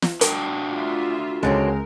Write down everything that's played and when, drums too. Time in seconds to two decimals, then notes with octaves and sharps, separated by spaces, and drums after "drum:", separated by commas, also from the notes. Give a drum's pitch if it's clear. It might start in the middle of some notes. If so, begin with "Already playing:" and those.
0.02 drum: snare
0.21 D4 F#4 G5, drum: hi-hat
0.69 F4 E5
1.43 C#2 D3 F#3 G#3 C4 A#4